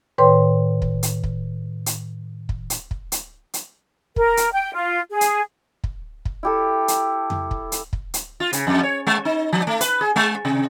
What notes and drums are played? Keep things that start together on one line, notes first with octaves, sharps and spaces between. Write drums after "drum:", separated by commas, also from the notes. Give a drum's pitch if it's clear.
A2 D#3 B4 C#5 G5 C6
drum: kick
drum: hi-hat
drum: kick
drum: hi-hat
drum: kick
drum: hi-hat
drum: kick
drum: hi-hat
drum: hi-hat
A#4, drum: kick
drum: hi-hat
G5
F4
G#4
drum: hi-hat
drum: kick
drum: kick
E4 G4 A4
drum: hi-hat
drum: tom F2
drum: kick
drum: hi-hat
drum: kick
drum: hi-hat
F4
C#3, drum: hi-hat
F2
C#5
G#3
D#4
F3
A3
B4, drum: hi-hat
G#4
G#3
C3